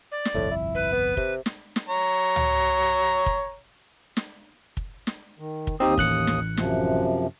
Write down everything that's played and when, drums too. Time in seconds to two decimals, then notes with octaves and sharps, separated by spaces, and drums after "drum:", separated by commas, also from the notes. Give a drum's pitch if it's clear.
0.12 D5
0.25 drum: snare
0.34 G1 C2 F2 A2
0.51 E4
0.75 B4
0.92 B3
1.17 C3, drum: kick
1.46 drum: snare
1.76 drum: snare
1.89 C#5 A#5
2.36 drum: tom C#2
3.26 drum: kick
4.17 drum: snare
4.77 drum: kick
5.07 drum: snare
5.39 D#3
5.67 drum: kick
5.80 D#2 C4 D#4 G4 D#6
5.98 A1 F#6 C#7, drum: kick
6.27 drum: snare
6.57 F#2 C3 F3, drum: snare